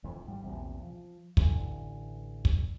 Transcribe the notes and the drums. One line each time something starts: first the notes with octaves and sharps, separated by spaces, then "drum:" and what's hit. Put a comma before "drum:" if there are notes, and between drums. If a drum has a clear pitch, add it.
G1 F2 E3
G#1 G3
A#1 E2 C3
F3
A1 D3 E3, drum: kick
drum: kick